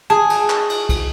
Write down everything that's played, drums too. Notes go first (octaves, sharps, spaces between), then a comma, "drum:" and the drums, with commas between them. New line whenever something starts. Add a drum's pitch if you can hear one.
G#4 A5
drum: cymbal
drum: clap
drum: cymbal
drum: kick, cymbal